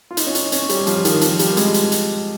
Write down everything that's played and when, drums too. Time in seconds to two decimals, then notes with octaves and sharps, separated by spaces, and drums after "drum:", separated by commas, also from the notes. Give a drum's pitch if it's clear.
0.11 F4
0.17 D#4, drum: hi-hat
0.26 C#4
0.35 D#4, drum: hi-hat
0.52 C#4, drum: hi-hat
0.69 G3, drum: hi-hat
0.87 F3, drum: hi-hat
1.05 D#3, drum: hi-hat
1.21 F3, drum: hi-hat
1.39 G3, drum: hi-hat
1.57 G#3, drum: hi-hat
1.74 drum: hi-hat
1.92 drum: hi-hat